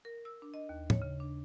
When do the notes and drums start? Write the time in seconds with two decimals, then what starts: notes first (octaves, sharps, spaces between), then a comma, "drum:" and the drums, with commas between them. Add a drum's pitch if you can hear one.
0.05 A#4
0.25 E6
0.42 D4
0.54 D#5
0.69 D#2
0.90 C#5, drum: tom
1.02 C#3
1.20 D4